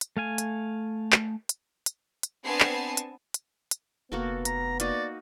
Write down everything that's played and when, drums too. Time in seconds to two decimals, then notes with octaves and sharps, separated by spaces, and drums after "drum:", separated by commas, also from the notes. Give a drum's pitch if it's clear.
0.01 drum: hi-hat
0.17 A3 F5 G#5
0.38 drum: hi-hat
1.12 drum: clap
1.49 drum: hi-hat
1.86 drum: hi-hat
2.23 drum: hi-hat
2.44 B3 C4 D4 G#5 A5 C7
2.60 drum: clap
2.97 drum: hi-hat
3.34 drum: hi-hat
3.71 drum: hi-hat
4.12 F1 A#3 B3 F#4 A4
4.45 A#5, drum: hi-hat
4.80 A#3 D#4 F#4 D5, drum: hi-hat